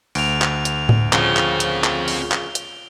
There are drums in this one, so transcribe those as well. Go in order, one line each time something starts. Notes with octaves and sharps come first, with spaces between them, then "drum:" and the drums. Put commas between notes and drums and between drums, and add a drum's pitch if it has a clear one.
D2 D7 F7, drum: open hi-hat
drum: clap
drum: hi-hat
drum: tom A2
A#2 C#3 F3 C4 F4 G7, drum: clap
drum: clap
drum: hi-hat
drum: clap
drum: open hi-hat
drum: clap
drum: hi-hat